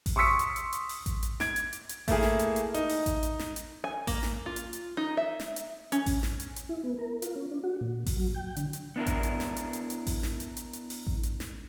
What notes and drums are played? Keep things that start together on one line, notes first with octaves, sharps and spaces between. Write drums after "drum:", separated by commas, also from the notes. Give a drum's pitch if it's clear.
drum: kick A1, open hi-hat
C6 C#6 D#6 E6 B6 C#7
drum: hi-hat
drum: hi-hat
drum: hi-hat
drum: open hi-hat
drum: kick A1, hi-hat
drum: hi-hat
G#6 D7, drum: snare
drum: hi-hat
drum: hi-hat
drum: hi-hat
A3 A#3 E4 G#4, drum: kick A1, open hi-hat
drum: snare
drum: hi-hat
drum: hi-hat
D#4, drum: hi-hat
drum: open hi-hat
drum: kick A1, hi-hat
drum: hi-hat
drum: snare
drum: hi-hat
G#5
A#3, drum: kick A1, open hi-hat
drum: snare
F4
drum: hi-hat
drum: hi-hat
D#4
E5
drum: snare
drum: hi-hat
C#4, drum: hi-hat
drum: kick A1, open hi-hat
drum: snare
drum: hi-hat
drum: hi-hat
E4
B3
A#4
F4, drum: hi-hat
C#4
D4
F#4
A#2
drum: kick A1, open hi-hat
F#3
G5
D3, drum: hi-hat
drum: hi-hat
B3 D4 E4 A#4
drum: kick A1, hi-hat
drum: hi-hat
drum: snare
drum: hi-hat
drum: hi-hat
drum: hi-hat
drum: kick A1, open hi-hat
drum: snare
drum: hi-hat
drum: hi-hat
drum: hi-hat
drum: open hi-hat
drum: kick A1
drum: hi-hat
drum: snare